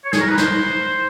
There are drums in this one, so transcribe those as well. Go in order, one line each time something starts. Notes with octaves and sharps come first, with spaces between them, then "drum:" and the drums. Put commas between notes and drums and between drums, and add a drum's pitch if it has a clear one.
C#5
G#4, drum: snare
A#4
B4
C5, drum: snare